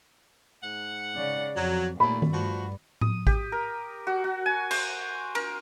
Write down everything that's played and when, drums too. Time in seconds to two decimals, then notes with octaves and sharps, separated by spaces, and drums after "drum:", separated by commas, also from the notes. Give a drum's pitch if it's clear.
0.63 G#2 F#5
1.15 C#3 D5
1.56 F2 F#3
2.00 D#2 A#2 A3 B5
2.22 drum: tom D#3
2.32 G2 F3 F#4
3.01 D#6, drum: tom A2
3.27 G4, drum: kick A1
3.52 A#4
4.07 F#4
4.24 F#4
4.46 G#5
4.71 C5, drum: cymbal
5.35 A#4, drum: cymbal